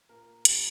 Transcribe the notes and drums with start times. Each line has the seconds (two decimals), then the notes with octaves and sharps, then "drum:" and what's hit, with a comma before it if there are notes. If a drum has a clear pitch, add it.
0.09 A#2 A#4
0.45 F3 A#3 G4, drum: hi-hat